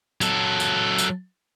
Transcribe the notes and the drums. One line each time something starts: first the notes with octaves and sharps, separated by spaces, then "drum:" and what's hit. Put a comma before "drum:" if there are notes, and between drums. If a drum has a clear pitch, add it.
F#3 A4, drum: tambourine
drum: tambourine
drum: tambourine